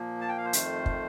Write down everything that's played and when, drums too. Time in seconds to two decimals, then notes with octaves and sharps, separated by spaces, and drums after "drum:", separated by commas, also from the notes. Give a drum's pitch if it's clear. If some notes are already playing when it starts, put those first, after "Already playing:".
Already playing: A#2 F3 A#3
0.21 A5
0.29 G5
0.37 F5
0.45 C5
0.53 F2 D#3 A3, drum: hi-hat
0.86 drum: kick